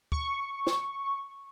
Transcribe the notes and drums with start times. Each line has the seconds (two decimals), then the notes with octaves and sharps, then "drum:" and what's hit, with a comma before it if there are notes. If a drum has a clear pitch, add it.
0.12 C#6, drum: kick
0.67 drum: snare